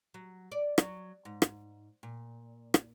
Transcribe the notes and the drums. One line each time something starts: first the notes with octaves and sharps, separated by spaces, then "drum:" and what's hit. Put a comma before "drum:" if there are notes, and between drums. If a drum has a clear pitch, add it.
F#3
D5
F#3, drum: rim click
G#2
drum: rim click
A#2
drum: rim click